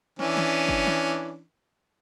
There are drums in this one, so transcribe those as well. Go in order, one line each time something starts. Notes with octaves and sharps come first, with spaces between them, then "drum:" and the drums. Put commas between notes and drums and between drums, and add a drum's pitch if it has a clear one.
E3 C#4 D4, drum: snare
drum: snare
drum: kick G1
drum: snare